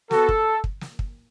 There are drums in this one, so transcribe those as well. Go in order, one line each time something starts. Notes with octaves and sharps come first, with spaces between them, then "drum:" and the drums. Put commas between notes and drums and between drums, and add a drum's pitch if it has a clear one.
B3 F#4 A4, drum: snare
drum: kick
drum: kick
drum: snare
drum: kick